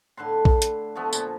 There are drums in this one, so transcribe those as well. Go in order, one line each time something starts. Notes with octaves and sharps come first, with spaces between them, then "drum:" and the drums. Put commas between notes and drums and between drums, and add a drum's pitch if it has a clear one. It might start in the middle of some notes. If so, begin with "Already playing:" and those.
A2 D3 B4 C6
drum: kick
drum: hi-hat
F3 A3 B3
A#2, drum: tambourine